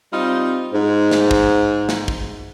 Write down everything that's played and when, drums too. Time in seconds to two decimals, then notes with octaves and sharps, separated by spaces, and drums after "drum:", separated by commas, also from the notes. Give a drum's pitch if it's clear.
0.13 G3 C4 D#4 F4
0.73 G#2
1.12 drum: snare
1.31 drum: kick
1.89 drum: snare
2.08 drum: kick